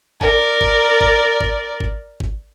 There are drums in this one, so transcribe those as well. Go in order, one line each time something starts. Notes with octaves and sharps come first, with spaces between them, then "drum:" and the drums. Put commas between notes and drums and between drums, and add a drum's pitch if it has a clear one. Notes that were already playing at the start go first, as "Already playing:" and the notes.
A#4 D5, drum: kick
drum: kick
drum: kick
drum: kick
drum: kick
drum: kick